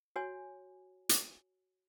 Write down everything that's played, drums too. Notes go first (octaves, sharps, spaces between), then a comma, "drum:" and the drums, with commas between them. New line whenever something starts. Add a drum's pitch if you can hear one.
F#4 C#5 G#5
drum: hi-hat